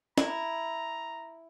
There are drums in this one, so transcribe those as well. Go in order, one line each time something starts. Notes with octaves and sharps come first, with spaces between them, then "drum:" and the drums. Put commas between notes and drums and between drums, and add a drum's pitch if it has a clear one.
E4 A#5, drum: snare